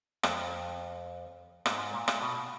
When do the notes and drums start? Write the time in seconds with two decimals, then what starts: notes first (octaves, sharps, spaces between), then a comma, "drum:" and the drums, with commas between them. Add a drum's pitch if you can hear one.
0.23 F2, drum: rim click
1.66 G#2, drum: rim click
1.94 A#2
2.08 drum: rim click
2.22 B2